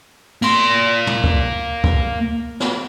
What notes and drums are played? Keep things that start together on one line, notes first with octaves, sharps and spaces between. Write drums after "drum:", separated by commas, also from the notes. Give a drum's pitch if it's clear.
A#3 C6, drum: cymbal
drum: tom
drum: kick C#2
drum: kick C#2
drum: snare